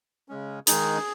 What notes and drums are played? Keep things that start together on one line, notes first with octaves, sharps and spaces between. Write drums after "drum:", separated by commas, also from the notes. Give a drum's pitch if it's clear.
C#3 G#3 C#4
D#3 G#3 D#4 G#4, drum: hi-hat